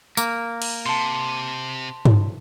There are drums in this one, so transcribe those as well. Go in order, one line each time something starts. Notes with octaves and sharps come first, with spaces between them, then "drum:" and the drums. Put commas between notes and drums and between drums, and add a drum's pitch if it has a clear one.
A#3, drum: tambourine
drum: cymbal
C3 A5 C6
drum: tom G2